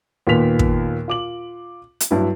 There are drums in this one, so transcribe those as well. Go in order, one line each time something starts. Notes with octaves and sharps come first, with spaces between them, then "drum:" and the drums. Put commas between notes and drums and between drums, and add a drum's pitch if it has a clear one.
D#2 A#2 D#3 B3 B6 F7
drum: kick
F4 D6 F#7
drum: hi-hat
G2 F#3 E4